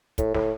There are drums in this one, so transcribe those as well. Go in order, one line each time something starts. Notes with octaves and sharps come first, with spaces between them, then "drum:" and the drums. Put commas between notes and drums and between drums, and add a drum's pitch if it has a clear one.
A2, drum: kick, hi-hat
A2, drum: snare